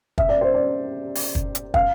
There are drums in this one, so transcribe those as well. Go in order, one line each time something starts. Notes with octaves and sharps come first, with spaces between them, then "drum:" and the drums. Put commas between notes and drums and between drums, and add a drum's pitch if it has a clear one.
E5, drum: kick
D5
C5
D5
drum: open hi-hat
drum: kick
drum: hi-hat
F5, drum: kick